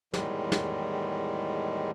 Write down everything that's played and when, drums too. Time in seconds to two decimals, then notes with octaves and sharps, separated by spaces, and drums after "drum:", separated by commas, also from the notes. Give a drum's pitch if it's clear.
0.14 E2 A2 D#3 G3 G#3, drum: snare
0.52 drum: snare